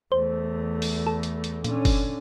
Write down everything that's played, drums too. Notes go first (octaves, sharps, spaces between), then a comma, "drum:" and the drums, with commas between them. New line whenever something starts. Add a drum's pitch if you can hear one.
E2 A3 C5
drum: open hi-hat
A4
drum: hi-hat
drum: hi-hat
A#2 D3 C#4, drum: hi-hat
drum: kick F#1, open hi-hat